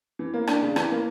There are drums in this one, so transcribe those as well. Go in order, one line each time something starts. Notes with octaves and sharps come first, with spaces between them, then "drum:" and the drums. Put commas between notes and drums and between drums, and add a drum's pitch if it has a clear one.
E3
A#3
D4, drum: rim click
C#3
E3, drum: rim click
A#3